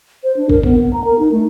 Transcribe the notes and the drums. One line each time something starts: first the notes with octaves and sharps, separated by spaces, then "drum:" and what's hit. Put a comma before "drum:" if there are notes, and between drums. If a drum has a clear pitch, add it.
C5
D4
A#4, drum: kick
B3, drum: kick
B3
A#5
A#4
D#4
A3